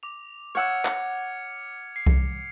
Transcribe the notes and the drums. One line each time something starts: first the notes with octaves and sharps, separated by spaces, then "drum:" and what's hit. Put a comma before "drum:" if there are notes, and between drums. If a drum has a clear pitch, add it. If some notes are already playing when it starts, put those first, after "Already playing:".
D6 F7
C#5 F#5 E6 F6 G#6 C#7
drum: clap
C7
drum: kick C2